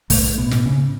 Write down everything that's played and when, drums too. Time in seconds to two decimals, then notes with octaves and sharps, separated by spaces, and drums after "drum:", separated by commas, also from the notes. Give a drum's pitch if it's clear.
0.10 B1 A2 A3, drum: kick, open hi-hat
0.38 B2 B3
0.51 A2, drum: snare
0.66 C#3 C#4